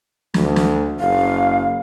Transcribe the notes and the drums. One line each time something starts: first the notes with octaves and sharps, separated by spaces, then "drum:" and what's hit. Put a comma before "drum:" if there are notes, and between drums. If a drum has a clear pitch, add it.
D2, drum: snare
drum: snare
F#1 F5